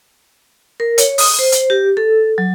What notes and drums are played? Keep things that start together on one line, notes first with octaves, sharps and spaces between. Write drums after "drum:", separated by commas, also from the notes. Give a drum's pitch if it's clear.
A#4
C#5, drum: hi-hat
D#6, drum: open hi-hat
C5
drum: hi-hat
G4
A4
F#3